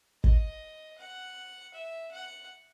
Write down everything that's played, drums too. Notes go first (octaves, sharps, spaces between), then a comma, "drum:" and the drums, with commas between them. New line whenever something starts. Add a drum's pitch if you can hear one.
D#5, drum: kick
F#5
E5
F#5